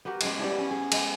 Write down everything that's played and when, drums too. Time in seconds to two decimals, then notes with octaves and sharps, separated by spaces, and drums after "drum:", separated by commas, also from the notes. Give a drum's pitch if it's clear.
0.05 B3 F#4 G4 A#4
0.21 G#3 C#4 C#5, drum: cymbal
0.39 G3 B3 D4 E4
0.58 C#4
0.71 G#4
0.92 G#3, drum: cymbal